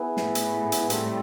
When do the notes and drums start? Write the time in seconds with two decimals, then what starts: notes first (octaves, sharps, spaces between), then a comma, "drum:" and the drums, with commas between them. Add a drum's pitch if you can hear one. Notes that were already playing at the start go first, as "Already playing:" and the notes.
Already playing: B3 E4 G#4 B4
0.17 A2 A3, drum: snare
0.35 drum: hi-hat
0.72 drum: hi-hat
0.90 A2 G3 A3 C4 E4 A4, drum: hi-hat